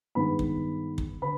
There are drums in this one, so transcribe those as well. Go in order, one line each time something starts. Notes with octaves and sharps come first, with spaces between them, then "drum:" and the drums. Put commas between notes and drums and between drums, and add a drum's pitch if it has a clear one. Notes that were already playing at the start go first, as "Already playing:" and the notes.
G2 D#3 G#3 B3 B4 B5
drum: kick
drum: kick
D3 B4 B5